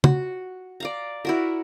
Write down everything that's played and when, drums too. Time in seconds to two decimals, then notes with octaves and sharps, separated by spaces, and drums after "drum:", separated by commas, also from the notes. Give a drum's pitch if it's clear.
0.04 F#4, drum: tom
0.80 D5 F5 A#5
1.25 E4 F#4 A#4